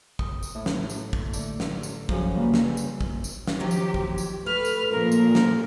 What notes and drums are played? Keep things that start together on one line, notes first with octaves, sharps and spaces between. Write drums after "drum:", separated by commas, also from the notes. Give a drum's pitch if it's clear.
D#6, drum: kick
drum: tambourine
A2
drum: snare
drum: tambourine
drum: kick
D3 A3, drum: tambourine
drum: snare
drum: tambourine
F#2 F3 F#3 G#4 F#5, drum: kick
C#3 G3 A#3 B4
drum: snare
drum: tambourine
drum: kick
drum: tambourine
drum: snare
D#3 F3 F#3 G4
drum: tambourine
drum: kick
drum: tambourine
A3 B4 F6
drum: tambourine
A#2 F3 A#4
drum: tambourine
drum: snare